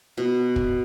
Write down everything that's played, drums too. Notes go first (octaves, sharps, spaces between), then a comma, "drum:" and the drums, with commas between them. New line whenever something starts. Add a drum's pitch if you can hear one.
B2
drum: kick